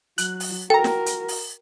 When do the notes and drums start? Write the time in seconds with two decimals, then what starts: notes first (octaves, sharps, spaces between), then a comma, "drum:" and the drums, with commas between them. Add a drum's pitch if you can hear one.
0.18 F#3 F#6, drum: hi-hat
0.40 drum: open hi-hat
0.70 F#4 A4 A#4 G5 A#5
0.84 drum: snare
1.06 drum: hi-hat
1.28 drum: open hi-hat